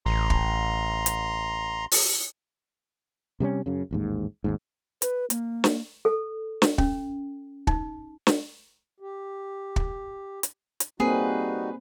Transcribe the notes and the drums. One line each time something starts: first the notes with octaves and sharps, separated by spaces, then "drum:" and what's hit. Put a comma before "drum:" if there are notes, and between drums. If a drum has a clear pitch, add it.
A1 A#5 C6
drum: kick
drum: hi-hat
drum: open hi-hat
C3 G3 G#3 C#4
F#2 C#3
A1 D#2 G#2
G#1 D#2 G#2
B4, drum: hi-hat
A#3, drum: hi-hat
drum: snare
A4
drum: snare
C#4, drum: kick
D#4, drum: kick
drum: snare
G4
drum: kick
drum: hi-hat
drum: hi-hat
G3 A#3 C4 D#4 F#4 G#4 B4